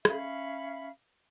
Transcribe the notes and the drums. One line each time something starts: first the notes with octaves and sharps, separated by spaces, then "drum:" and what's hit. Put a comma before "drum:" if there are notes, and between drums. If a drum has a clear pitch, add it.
C#4 E5 F5 B5, drum: rim click